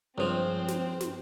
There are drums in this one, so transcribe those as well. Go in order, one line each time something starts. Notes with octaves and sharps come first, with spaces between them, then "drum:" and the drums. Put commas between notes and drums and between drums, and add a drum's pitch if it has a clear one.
C#2 G2 F3 C4 C5
drum: snare
drum: snare